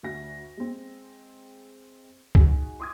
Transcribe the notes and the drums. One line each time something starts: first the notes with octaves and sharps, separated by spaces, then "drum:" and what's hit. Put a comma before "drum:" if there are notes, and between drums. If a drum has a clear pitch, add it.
D2 F#4 E5 A#6
G#3 C4
D#4 F#4 G#4, drum: kick C2
C6 D6 D#6 F6 G#6